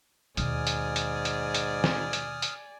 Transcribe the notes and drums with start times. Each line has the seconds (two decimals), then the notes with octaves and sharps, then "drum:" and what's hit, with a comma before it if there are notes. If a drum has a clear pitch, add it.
0.37 D#2 G#2 B2 D5 G#5 D#6 F6, drum: hi-hat
0.67 drum: hi-hat
0.96 drum: hi-hat
1.25 drum: hi-hat
1.55 drum: hi-hat
1.84 drum: snare
2.13 drum: hi-hat
2.42 drum: hi-hat